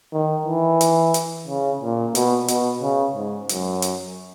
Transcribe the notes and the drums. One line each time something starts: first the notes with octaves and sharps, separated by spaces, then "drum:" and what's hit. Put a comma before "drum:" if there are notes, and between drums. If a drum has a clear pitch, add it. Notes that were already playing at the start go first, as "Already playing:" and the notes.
D#3
E3
drum: hi-hat
drum: hi-hat
C#3
A#2
B2, drum: hi-hat
B2, drum: hi-hat
C#3
G#2
F#2, drum: hi-hat
drum: hi-hat